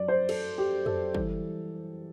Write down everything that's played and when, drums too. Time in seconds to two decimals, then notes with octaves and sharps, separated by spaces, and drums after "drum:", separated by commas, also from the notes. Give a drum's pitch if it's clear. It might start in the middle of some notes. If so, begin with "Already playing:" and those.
Already playing: F#2 F#3 D5
0.08 C5
0.29 A4, drum: cymbal
0.58 G4
0.86 A4, drum: tom F2
1.15 E3 G3, drum: kick